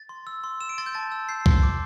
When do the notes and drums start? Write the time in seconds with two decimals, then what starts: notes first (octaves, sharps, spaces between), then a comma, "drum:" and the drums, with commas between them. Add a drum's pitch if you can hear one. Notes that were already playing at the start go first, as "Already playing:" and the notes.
Already playing: A6
0.09 C6
0.27 E6
0.44 C6
0.61 E6 E7
0.69 D7
0.78 C6 A6
0.86 G6
0.95 A5 A6
1.12 E6
1.29 G6 C7
1.46 C6, drum: kick C2
1.63 D6